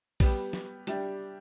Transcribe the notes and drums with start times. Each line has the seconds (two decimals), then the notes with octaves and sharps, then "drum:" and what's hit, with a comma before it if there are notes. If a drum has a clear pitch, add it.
0.20 G3 B3 G4, drum: kick A#1, open hi-hat
0.53 drum: snare
0.87 G3 D4 G4 E5, drum: hi-hat